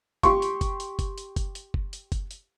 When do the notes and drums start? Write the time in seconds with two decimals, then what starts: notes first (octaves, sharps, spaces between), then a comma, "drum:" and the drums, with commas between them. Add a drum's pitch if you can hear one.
0.23 G4 C6 C#6, drum: kick F#1, hi-hat
0.42 drum: hi-hat
0.61 drum: kick F#1, hi-hat
0.80 drum: hi-hat
0.99 drum: kick F#1, hi-hat
1.18 drum: hi-hat
1.36 drum: kick F#1, hi-hat
1.55 drum: hi-hat
1.74 drum: kick F#1
1.93 drum: hi-hat
2.12 drum: kick F#1, hi-hat
2.31 drum: hi-hat